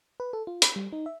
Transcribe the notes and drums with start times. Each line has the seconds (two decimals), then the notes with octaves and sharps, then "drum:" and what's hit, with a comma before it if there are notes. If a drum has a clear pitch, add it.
0.20 B4
0.33 A4
0.47 F4
0.62 B5, drum: hi-hat
0.76 G3
0.92 D#4
1.06 E5